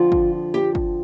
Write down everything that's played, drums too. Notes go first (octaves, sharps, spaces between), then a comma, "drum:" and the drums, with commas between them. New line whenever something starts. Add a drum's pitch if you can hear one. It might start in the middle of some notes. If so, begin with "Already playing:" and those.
Already playing: F2 D3 F3 F4
drum: kick
G4
drum: kick